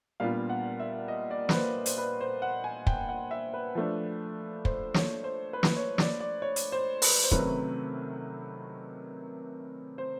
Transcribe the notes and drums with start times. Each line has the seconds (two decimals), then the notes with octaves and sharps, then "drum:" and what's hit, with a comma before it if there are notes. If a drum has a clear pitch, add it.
0.20 A#2 G3 B3 D4 F4 F5
0.49 F#5
0.80 E5
1.08 D#5
1.31 D5
1.49 B4, drum: snare
1.54 C5
1.86 C5, drum: hi-hat
1.98 B4
2.21 C5
2.42 F#5
2.64 G#5
2.87 G5, drum: kick
3.09 F#5
3.31 E5
3.54 B4
3.75 F3 A3 D4
4.65 C5, drum: kick
4.94 C#5, drum: snare
5.24 C5
5.53 B4
5.63 drum: snare
5.77 C#5
5.98 D5, drum: snare
6.20 D5
6.42 C#5
6.56 drum: hi-hat
6.72 C5
7.02 B4, drum: open hi-hat
7.24 C5
7.31 C3 D#3 F#3 A3 C#4 B4, drum: kick
9.98 C5